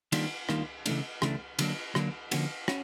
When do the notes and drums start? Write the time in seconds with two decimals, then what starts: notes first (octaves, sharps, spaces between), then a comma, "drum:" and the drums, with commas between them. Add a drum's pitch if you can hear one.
0.12 D#3 G3 A#3 D4 F4, drum: cymbal
0.49 D#3 G3 A#3 D4 F4, drum: rim click
0.86 C#3 E3 A3 D4, drum: cymbal
1.22 C#3 E3 A3 D4, drum: rim click
1.59 D3 F#3 A#3 D4, drum: cymbal
1.95 D3 F#3 A#3 D4, drum: rim click
2.31 D3 F3 A#3 C#4 F#4, drum: cymbal
2.68 C#4 F#4, drum: rim click